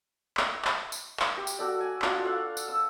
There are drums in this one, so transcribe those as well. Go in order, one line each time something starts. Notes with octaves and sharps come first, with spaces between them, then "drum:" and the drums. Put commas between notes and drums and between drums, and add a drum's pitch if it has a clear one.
drum: clap
drum: clap
drum: tambourine
drum: clap
G4
drum: tambourine
F#4 A4 D5
G#5
D4 F4 F#4, drum: clap
A4 F5 F#5
drum: tambourine
E6